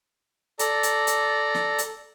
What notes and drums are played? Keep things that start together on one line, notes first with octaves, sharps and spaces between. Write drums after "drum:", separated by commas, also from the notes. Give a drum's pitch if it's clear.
A4 D5 A#5, drum: hi-hat
drum: hi-hat
drum: hi-hat
drum: snare
drum: hi-hat